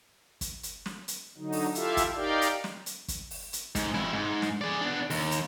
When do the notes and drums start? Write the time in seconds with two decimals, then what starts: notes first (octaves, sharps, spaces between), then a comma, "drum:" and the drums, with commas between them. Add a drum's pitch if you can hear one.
0.41 drum: kick, hi-hat
0.63 drum: hi-hat
0.86 drum: snare
1.08 drum: hi-hat
1.37 D3 F#3 D#4
1.52 drum: open hi-hat
1.75 E4 F4 G4 A4 E5 F5, drum: hi-hat
1.97 drum: kick, hi-hat
2.15 D#4 G4 A#4 D5 F5 G5
2.42 drum: hi-hat
2.64 drum: snare
2.86 drum: hi-hat
3.08 drum: kick, hi-hat
3.31 drum: open hi-hat
3.53 drum: hi-hat
3.75 G#2, drum: kick, hi-hat
3.94 F2 E4
4.13 G#2
4.42 drum: snare
4.61 G#4 D5
4.81 B3 D4
5.10 D#2, drum: open hi-hat
5.31 drum: hi-hat